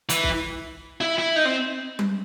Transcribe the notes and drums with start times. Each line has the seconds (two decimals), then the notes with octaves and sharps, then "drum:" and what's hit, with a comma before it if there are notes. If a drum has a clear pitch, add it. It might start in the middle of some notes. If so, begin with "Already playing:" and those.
0.09 E3, drum: hi-hat
0.23 drum: kick C2
1.01 E4
1.18 E4
1.36 D#4
1.45 C4
1.99 drum: tom G3